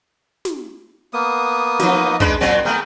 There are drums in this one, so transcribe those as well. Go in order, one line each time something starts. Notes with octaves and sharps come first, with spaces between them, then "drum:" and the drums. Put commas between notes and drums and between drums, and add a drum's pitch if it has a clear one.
drum: snare
A#3 B3 D#6
F3 D#4, drum: snare
G#3 D4 B4, drum: kick
A#2 F#3 C4
A3 B3 G#4 A#4 G5